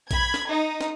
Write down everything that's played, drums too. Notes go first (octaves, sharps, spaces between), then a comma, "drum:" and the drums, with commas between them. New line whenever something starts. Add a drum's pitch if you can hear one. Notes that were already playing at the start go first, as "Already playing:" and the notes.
B5 G#6, drum: kick A#1, hi-hat
drum: snare
D#4
drum: snare